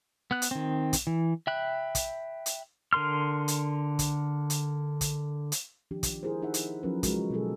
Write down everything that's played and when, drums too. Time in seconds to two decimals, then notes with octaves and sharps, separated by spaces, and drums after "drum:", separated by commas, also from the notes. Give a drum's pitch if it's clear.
0.31 B3 F#6
0.42 drum: hi-hat
0.51 D#3 C4
0.93 drum: kick, hi-hat
1.07 E3
1.47 E5 G5 B5 F#6
1.95 drum: kick, hi-hat
2.46 drum: hi-hat
2.93 D3 A#4 C6 F6
3.48 drum: hi-hat
3.99 drum: kick, hi-hat
4.50 drum: hi-hat
5.01 drum: kick, hi-hat
5.52 drum: hi-hat
5.91 D#3 F3 D4 G4
6.03 drum: kick, hi-hat
6.23 E4 G#4 A#4 C5
6.42 D#4 G#4 E5 F#5
6.54 drum: hi-hat
6.83 F3 F#3 C#4 F4 A#4 B4
7.03 C#3 F3 G#3 F#4 A#4, drum: kick, hi-hat
7.30 B2 D3 F#3 G#3 G#4 A4